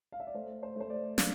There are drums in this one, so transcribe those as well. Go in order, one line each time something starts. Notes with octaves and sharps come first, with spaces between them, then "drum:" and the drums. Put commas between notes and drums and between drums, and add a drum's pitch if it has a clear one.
F5
E5
D5
A3 C5
C5
A3 C5
D5
D4 F5, drum: snare